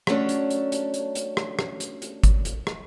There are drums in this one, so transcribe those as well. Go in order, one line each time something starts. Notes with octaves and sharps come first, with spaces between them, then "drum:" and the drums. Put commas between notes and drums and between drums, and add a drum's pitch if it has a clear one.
F#3 A3 C#4 D4, drum: rim click
drum: hi-hat
drum: hi-hat
drum: hi-hat
drum: hi-hat
drum: hi-hat
drum: rim click
drum: rim click
drum: hi-hat
drum: hi-hat
drum: kick, hi-hat
drum: hi-hat
drum: rim click